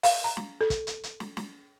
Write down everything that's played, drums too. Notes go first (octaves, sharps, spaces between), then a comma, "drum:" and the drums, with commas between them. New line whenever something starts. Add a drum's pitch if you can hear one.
F5, drum: open hi-hat
A#5
drum: snare
A4
drum: kick, hi-hat
drum: hi-hat
drum: hi-hat
drum: snare
drum: snare